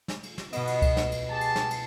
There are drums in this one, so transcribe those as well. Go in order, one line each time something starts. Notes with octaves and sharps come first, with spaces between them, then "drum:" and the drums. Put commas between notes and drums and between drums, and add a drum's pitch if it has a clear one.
drum: snare
drum: cymbal
drum: snare
B2 B3 D#5, drum: cymbal
drum: cymbal
drum: kick C2, cymbal
drum: snare
drum: cymbal
G4 G#4 A5
drum: cymbal
drum: snare
drum: cymbal